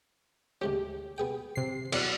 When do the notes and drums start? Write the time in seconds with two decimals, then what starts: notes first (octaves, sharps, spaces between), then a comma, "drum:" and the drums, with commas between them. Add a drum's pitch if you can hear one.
0.61 D2 G#3 C#4 G4
1.18 B3 G#4 G5
1.55 C3 C7
1.92 E2 F#3 D5 F#5, drum: cymbal